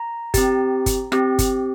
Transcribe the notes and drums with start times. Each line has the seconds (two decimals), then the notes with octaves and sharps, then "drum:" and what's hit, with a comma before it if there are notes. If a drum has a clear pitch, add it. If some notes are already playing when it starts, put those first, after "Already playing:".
Already playing: A#5
0.34 C4 G4, drum: kick G1, hi-hat
0.86 drum: kick G1, hi-hat
1.12 C4 G4, drum: rim click
1.39 drum: kick G1, hi-hat